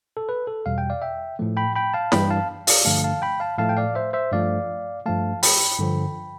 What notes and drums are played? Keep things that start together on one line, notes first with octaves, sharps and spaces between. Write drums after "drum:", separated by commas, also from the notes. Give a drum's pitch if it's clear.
A4
B4
A4
E2 B2 G3 F5
G5
D5 F5
E5 G5
A2 F3 A3
G5 B5
G5 B5
F5 A5
G2 E3 G3 G5 B5, drum: snare
F5 A5
D5 F5, drum: open hi-hat
G2 D3 F3 A3 F5 A5
F5 A5
G5 B5
F5 A5
A2 F3 A3 F5 A5
G5
D5 F5
C5 E5
C5 E5
G2 F3 A3 D5 F5
G2 F3 A3 F5 A5
G5 B5, drum: open hi-hat
G2 D3 F3